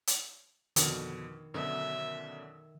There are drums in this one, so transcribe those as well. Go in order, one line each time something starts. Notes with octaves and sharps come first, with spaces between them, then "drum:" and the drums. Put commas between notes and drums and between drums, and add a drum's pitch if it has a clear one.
drum: hi-hat
F2 B2 D3 D#3, drum: hi-hat
F#2 B2 D3 E5